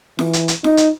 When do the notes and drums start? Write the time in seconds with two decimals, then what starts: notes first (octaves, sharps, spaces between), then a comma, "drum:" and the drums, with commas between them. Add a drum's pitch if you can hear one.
0.19 E3, drum: snare
0.33 drum: hi-hat
0.48 drum: hi-hat
0.64 D#4, drum: snare
0.77 drum: hi-hat